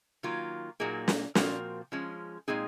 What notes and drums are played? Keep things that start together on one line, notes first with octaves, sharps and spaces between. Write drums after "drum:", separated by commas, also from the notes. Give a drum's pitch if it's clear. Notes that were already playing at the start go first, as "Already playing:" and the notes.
D#3 F#3 A#3 F4
A#2 F#3 A#3 D#4 G#4
drum: snare
A#2 F3 C4 F#4 A#4, drum: snare
F3 G#3 C#4
A#2 G#3 C4 D#4 G#4